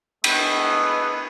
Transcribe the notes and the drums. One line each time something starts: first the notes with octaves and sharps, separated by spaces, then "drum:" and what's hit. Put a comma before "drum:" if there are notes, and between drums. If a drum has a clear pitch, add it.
G#3 A3 B3, drum: cymbal